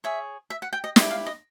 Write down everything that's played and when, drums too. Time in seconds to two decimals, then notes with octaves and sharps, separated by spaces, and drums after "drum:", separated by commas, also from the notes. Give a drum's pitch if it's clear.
0.04 G#4 C#5 E5
0.50 E5
0.62 F#5
0.73 G5
0.84 D#5
0.96 E4 G4 B4 E5, drum: snare
1.11 F5
1.26 D#5